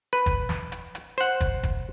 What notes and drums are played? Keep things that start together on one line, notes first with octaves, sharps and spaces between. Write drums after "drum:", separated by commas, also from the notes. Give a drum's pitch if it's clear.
B4
drum: kick, hi-hat
drum: snare
drum: hi-hat
drum: hi-hat
C5 F#5
drum: kick, hi-hat
drum: kick, hi-hat